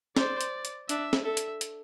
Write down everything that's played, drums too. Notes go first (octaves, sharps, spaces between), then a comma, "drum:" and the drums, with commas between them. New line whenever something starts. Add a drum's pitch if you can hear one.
C5 D5, drum: snare
drum: hi-hat
drum: hi-hat
D4 E5, drum: hi-hat
drum: snare
A4 E5
drum: hi-hat
drum: hi-hat